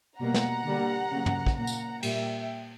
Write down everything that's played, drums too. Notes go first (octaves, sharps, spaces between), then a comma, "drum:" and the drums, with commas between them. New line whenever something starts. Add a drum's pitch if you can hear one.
B2 G3 A#3 F#5 A#5
drum: snare
D3 G3 A#3
C#3 F#3 A#3
drum: tom
drum: kick
A#2 A#3 F#5 A#5
drum: tambourine
A#2 G3 A#3 E5 G5, drum: cymbal